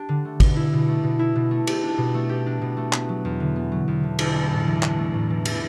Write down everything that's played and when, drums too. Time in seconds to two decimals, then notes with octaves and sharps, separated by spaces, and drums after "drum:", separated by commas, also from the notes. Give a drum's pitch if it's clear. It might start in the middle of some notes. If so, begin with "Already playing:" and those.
Already playing: D4 G4
0.09 D3
0.25 A3
0.40 B2, drum: kick, cymbal
0.56 E4
0.73 B2
0.88 A3
1.03 B2
1.19 E4
1.35 B2
1.51 A3
1.67 G4, drum: cymbal
1.83 D4
1.98 B2
2.14 A3
2.29 G4
2.46 D4
2.62 B2
2.77 A3
2.93 B3, drum: clap
3.09 F#3
3.25 E2
3.40 D3
3.56 B3
3.72 F#3
3.88 E2
4.03 D3
4.19 D4, drum: cymbal
4.35 A3
4.51 A2
4.67 E3
4.83 D4, drum: clap
4.98 A3
5.14 A2
5.30 E3
5.45 drum: cymbal